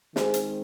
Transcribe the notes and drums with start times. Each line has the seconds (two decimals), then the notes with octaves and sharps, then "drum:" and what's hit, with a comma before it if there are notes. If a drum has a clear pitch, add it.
0.16 D#3 G#3 C4 G#4 C5, drum: snare
0.34 drum: hi-hat